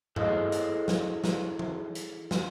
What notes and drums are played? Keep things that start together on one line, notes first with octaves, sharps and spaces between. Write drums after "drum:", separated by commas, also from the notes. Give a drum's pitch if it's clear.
E4 G#4 A4 C5 D#5 F5, drum: tom G2
drum: hi-hat
drum: snare
drum: snare
drum: tom E3
drum: hi-hat
drum: snare